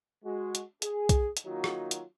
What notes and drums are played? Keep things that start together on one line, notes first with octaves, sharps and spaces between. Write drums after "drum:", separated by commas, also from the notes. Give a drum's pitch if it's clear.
G#3 F#4
drum: hi-hat
G#4, drum: hi-hat
drum: kick, hi-hat
drum: hi-hat
D#3 F#3 A#3 D#4 F4 F#4
drum: rim click
drum: hi-hat